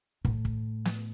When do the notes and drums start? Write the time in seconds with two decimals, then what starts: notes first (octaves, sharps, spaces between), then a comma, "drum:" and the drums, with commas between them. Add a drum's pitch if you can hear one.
0.25 A2, drum: kick
0.45 drum: kick
0.85 drum: snare